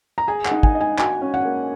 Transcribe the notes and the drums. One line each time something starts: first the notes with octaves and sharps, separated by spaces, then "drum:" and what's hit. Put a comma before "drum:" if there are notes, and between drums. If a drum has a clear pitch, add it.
A#5
G#4 G#5
F#5, drum: clap
D#4
G#5, drum: kick
D#5
G#5
F#4 G#5, drum: clap
C#4
F#5
A#3